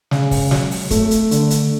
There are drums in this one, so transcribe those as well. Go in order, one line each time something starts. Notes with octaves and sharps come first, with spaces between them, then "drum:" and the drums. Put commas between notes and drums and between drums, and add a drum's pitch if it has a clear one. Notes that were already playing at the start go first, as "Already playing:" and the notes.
C#3, drum: snare
drum: kick, open hi-hat
F#3, drum: snare
drum: open hi-hat
A3, drum: kick, hi-hat
drum: hi-hat
D3, drum: hi-hat
drum: hi-hat